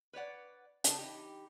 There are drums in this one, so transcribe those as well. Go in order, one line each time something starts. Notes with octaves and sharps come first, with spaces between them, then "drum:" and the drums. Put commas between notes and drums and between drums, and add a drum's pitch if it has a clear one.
B4 C#5 D5 F#5
C#3 D4 G#4 A5, drum: hi-hat
E3 D#4 G4